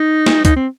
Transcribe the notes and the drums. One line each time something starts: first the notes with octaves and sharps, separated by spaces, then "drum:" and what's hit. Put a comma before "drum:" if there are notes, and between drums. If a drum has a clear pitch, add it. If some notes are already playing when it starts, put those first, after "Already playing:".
Already playing: D#4
drum: snare
D#4, drum: kick, hi-hat
C4